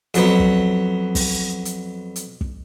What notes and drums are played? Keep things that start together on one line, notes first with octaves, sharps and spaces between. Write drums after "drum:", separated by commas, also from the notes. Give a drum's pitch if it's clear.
F2 F#3 B3, drum: hi-hat
drum: kick
drum: kick, open hi-hat
drum: hi-hat
drum: hi-hat
drum: kick